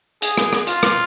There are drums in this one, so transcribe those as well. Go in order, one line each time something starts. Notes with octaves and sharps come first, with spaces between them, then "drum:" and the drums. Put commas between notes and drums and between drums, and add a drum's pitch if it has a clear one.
G#4, drum: hi-hat
drum: rim click
drum: rim click
F4, drum: hi-hat
drum: rim click